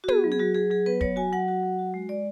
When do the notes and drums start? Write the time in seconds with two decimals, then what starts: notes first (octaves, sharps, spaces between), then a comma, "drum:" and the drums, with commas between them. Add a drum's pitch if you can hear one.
0.04 F#4
0.08 B3 G#4, drum: tom
0.24 F#3
0.32 G#4
0.39 F#3 F#4
0.54 F#3 G#4
0.70 F#3 G#4
0.86 B3 B4
1.01 F#3 C#5, drum: kick
1.16 F#4 G#5
1.32 F#3 F#5
1.48 F#4
1.63 F#3
1.79 F#4
1.94 G#3
2.09 G#3 D5